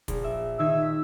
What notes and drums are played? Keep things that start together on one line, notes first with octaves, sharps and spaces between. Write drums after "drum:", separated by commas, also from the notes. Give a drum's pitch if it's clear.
A#1, drum: kick, hi-hat
E5
D#3 D#4 E5 G#6
B6